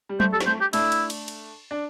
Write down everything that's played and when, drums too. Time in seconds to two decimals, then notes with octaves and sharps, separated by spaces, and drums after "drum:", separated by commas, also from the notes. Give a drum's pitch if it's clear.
0.09 G3
0.20 A3 C5, drum: tom F#3
0.33 G3 A4
0.40 C4, drum: snare
0.47 A3 C5
0.61 G4
0.73 A3 D4 E4, drum: cymbal
0.92 drum: cymbal
1.10 drum: cymbal
1.28 drum: cymbal
1.71 D4